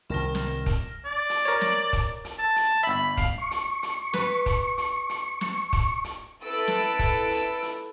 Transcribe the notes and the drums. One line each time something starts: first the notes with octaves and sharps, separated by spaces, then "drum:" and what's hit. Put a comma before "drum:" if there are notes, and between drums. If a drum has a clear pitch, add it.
C2 D#3 F6 A#6 E7
drum: snare
drum: kick, hi-hat
D5
drum: hi-hat
A#4 C#5
drum: snare
drum: kick, hi-hat
drum: hi-hat
A5
drum: hi-hat
G1 E5 B5
F5, drum: kick, hi-hat
C#6
drum: hi-hat
drum: hi-hat
B4, drum: snare
drum: kick, hi-hat
drum: hi-hat
drum: hi-hat
drum: snare
drum: kick, hi-hat
drum: hi-hat
E4 A4 B4 E6 D7
drum: snare
drum: kick, hi-hat
drum: hi-hat
drum: hi-hat